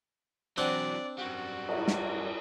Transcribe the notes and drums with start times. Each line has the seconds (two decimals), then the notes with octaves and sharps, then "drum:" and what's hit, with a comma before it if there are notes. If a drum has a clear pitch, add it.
0.58 E3 F#3 C4 D4 D5 F#5
1.18 F#2 G3 F#4
1.69 drum: cymbal
1.88 drum: snare